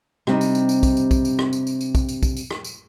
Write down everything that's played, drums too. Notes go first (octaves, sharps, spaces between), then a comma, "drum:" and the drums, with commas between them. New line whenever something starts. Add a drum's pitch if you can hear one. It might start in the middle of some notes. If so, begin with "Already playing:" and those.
C3 G3 B3 C4 D4 D#4, drum: rim click
drum: tambourine
drum: tambourine
drum: tambourine
drum: kick, tambourine
drum: tambourine
drum: kick, tambourine
drum: tambourine
drum: rim click
drum: tambourine
drum: tambourine
drum: tambourine
drum: kick, tambourine
drum: tambourine
drum: kick, tambourine
drum: tambourine
drum: rim click
drum: tambourine